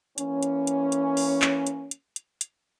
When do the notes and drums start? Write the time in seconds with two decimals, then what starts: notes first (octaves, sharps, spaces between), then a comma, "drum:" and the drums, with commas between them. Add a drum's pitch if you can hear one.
0.18 E3 A#3 C#4, drum: hi-hat
0.43 drum: hi-hat
0.67 drum: hi-hat
0.92 drum: hi-hat
1.17 drum: open hi-hat
1.42 drum: clap
1.67 drum: hi-hat
1.91 drum: hi-hat
2.16 drum: hi-hat
2.41 drum: hi-hat